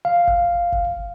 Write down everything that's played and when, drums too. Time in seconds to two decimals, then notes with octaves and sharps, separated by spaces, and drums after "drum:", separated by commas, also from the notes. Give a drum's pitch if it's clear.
0.05 F5
0.27 drum: kick F#1
0.72 drum: kick F#1